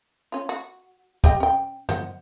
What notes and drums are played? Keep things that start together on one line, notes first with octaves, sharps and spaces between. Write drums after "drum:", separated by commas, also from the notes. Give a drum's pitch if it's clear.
C#4 F4
F#4, drum: tambourine
G4 D#5 G5, drum: kick
C#4 G5
C5 D#5 F#5, drum: tom F#2